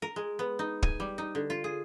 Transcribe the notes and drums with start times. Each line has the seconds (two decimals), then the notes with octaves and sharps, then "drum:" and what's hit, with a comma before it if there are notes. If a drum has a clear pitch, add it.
0.02 A#4
0.16 G#3
0.39 B3
0.59 D#4
0.83 G#5, drum: kick
1.00 G3
1.18 D#4
1.35 D3
1.50 F4
1.64 G#4